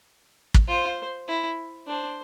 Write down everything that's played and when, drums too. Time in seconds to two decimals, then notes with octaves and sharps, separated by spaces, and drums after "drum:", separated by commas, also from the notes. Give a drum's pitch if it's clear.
0.54 drum: kick
0.68 F4 C5
1.28 E4
1.87 D4 C5